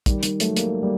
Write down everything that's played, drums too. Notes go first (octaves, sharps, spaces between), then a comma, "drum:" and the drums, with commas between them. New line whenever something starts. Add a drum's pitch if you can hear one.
D#3 G3, drum: kick, hi-hat
D#3 G3, drum: hi-hat
F#3 A3, drum: hi-hat
G3 A#3, drum: hi-hat
G3 A#3